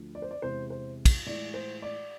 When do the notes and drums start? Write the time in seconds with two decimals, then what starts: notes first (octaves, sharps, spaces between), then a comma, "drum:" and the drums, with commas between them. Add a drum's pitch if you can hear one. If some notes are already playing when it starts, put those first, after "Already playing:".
Already playing: D2 D3 F3
0.15 D5
0.22 C5
0.31 D5
0.42 E2 C3 G#3 C5
0.70 C5
1.05 drum: kick, cymbal
1.26 A2 E3 G#3 D5
1.54 C5
1.82 D5